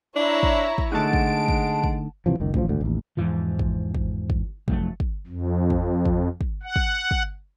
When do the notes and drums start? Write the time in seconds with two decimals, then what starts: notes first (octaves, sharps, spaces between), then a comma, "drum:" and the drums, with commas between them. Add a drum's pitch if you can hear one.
0.16 D4 E4 C#5 A#5
0.43 drum: kick
0.78 drum: kick
0.92 D3 G#3 A3 D#4 F#5 A5 D7
1.13 drum: kick
1.48 drum: kick
1.84 drum: kick
2.26 D1 C3 E3 F3
2.40 F#1 C#2 D#3
2.54 A1 D2 E3 F3, drum: kick
2.69 G#1 D2 D3
2.81 A1 D#2
3.17 E2 G#2 E3 F3
3.59 drum: kick
3.95 drum: kick
4.30 drum: kick
4.68 F1 F3 F#3 A3, drum: kick
5.00 drum: kick
5.27 F2
5.70 drum: kick
6.05 drum: kick
6.41 drum: kick
6.63 F#5
6.76 drum: kick
7.11 drum: kick